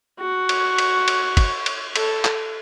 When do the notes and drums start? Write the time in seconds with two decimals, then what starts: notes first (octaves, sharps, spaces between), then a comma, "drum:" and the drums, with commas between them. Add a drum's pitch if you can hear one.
0.20 F#4
0.49 drum: cymbal
0.78 drum: cymbal
1.08 drum: cymbal
1.37 drum: kick, cymbal
1.66 drum: cymbal
1.96 A4, drum: cymbal
2.25 drum: clap